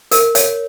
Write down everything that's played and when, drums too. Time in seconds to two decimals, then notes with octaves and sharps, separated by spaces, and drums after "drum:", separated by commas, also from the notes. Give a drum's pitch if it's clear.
0.11 A#4, drum: hi-hat
0.35 C#5, drum: hi-hat